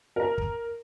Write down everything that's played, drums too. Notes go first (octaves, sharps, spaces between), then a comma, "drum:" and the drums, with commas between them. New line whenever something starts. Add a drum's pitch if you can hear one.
A#4 A#5
drum: kick